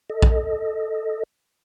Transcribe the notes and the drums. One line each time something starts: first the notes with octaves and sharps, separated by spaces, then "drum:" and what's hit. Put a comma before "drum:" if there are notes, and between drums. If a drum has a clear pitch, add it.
A4 D#5
drum: kick A#1